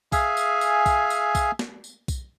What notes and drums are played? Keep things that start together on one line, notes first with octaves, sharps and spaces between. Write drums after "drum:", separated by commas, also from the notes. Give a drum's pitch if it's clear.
G#4 E5 F5 G#5, drum: kick B1, tambourine
drum: tambourine
drum: tambourine
drum: kick B1, tambourine
drum: tambourine
drum: kick B1, tambourine
drum: snare
drum: tambourine
drum: kick B1, tambourine